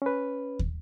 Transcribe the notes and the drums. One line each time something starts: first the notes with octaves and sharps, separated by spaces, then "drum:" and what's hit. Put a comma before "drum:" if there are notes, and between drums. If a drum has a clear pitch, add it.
C#4 B4
drum: kick